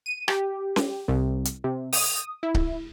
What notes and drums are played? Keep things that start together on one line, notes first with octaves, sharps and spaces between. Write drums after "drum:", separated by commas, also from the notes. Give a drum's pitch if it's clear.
D#7
G4, drum: rim click
drum: snare C#4
C2
drum: hi-hat
C3
D#6, drum: open hi-hat
E4
drum: kick C#1